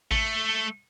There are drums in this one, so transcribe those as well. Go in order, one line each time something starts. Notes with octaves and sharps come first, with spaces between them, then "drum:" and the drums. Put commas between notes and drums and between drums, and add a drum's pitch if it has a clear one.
A3, drum: kick G#1